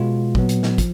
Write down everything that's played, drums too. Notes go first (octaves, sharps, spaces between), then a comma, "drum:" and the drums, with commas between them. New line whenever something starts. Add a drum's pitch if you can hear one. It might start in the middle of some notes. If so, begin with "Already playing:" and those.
Already playing: B2 G#3 B3 F4
A#2 F#3 B3, drum: kick
drum: hi-hat
drum: snare
F3, drum: kick, hi-hat